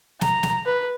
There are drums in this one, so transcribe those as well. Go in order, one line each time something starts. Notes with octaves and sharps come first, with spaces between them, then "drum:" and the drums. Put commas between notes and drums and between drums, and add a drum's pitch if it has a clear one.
A#5, drum: snare
drum: snare
B4